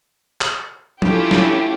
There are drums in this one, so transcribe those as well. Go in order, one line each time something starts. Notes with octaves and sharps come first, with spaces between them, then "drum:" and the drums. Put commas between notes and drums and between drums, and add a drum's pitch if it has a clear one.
drum: clap
A3 C#4 E4 F4 G4, drum: tom F3
drum: snare